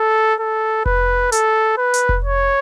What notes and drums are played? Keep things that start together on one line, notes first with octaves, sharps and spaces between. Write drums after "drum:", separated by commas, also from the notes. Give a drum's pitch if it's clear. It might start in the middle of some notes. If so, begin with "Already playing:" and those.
Already playing: A4
A4
B4, drum: kick F1
A4, drum: hi-hat
B4
drum: hi-hat
drum: kick F1
C#5